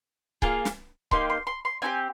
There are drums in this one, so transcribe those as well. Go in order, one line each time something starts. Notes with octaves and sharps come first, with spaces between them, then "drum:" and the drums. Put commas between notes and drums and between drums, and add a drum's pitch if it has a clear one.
A#3 F4 G#4, drum: kick C#1
drum: snare
A#3 D#4 G4 C6, drum: kick C#1
C6
C6
C6
C4 D#4 G4 G#5